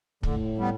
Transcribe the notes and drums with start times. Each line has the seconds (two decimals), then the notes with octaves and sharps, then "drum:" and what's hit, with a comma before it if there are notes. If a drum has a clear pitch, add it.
0.23 A2 D3, drum: kick
0.58 G3 B3